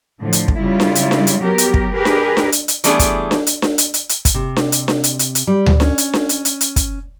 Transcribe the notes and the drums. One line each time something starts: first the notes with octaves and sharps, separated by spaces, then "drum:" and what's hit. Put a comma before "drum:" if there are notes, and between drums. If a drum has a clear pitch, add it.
A2 D3 F3
drum: hi-hat
drum: kick
C#3 G3 E4 F4
drum: snare D4
drum: hi-hat
drum: snare D4
drum: hi-hat
F#3 B3 G4 A#4
drum: hi-hat
drum: kick
G4 G#4 A#4 B4
drum: snare D4
drum: snare D4
drum: hi-hat
drum: hi-hat
E3 G3 A3 B3 D4 G#4, drum: hi-hat
drum: kick, hi-hat
drum: snare D4
drum: hi-hat
drum: snare D4
drum: hi-hat
drum: hi-hat
drum: hi-hat
drum: kick, hi-hat
C3
drum: snare D4
drum: hi-hat
drum: snare D4
drum: hi-hat
drum: hi-hat
drum: hi-hat
G3
drum: tom D2
C#4, drum: snare D4
drum: hi-hat
drum: snare D4
drum: hi-hat
drum: hi-hat
drum: hi-hat
drum: kick, hi-hat